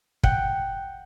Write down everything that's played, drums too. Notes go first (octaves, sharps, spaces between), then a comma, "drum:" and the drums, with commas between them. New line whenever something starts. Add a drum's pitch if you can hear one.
F#5 G5, drum: kick